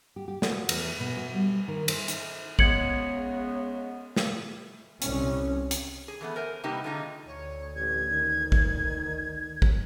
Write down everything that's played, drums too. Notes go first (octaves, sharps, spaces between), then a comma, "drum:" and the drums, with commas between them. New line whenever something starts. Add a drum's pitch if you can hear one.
G4
G4
F#4, drum: snare
E2, drum: cymbal
B2
F#4
G3
D#3
C5, drum: cymbal
D#4, drum: hi-hat
C#3 G#3 B3 G#6 C#7 F#7, drum: kick
drum: snare
C2 C#4, drum: hi-hat
drum: hi-hat
G#4
E3 A3 B3
A#4 C5 G#5
C3 G3 A#3 B3 D#4 G4
D3 D#3 G#3 A3 D#4 F4
D2 C#5
A1 G#6
D#3
drum: kick
drum: kick